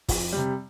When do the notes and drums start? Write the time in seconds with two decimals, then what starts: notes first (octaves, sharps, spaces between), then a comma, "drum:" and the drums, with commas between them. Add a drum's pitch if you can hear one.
0.08 F2, drum: kick, open hi-hat
0.32 C3 G3